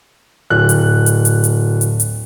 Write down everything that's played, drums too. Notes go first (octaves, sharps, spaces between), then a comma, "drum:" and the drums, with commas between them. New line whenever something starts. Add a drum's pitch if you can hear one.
D1 F#6
drum: hi-hat
drum: hi-hat
drum: hi-hat
drum: hi-hat
drum: hi-hat
drum: hi-hat